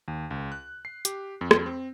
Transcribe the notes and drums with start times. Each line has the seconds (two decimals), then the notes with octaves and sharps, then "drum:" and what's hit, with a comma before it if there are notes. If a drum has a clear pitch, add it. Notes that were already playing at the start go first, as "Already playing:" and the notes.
0.08 D#2
0.31 C#2
0.52 F#6
0.85 C7
1.05 G4, drum: hi-hat
1.41 F2
1.51 drum: rim click
1.66 C4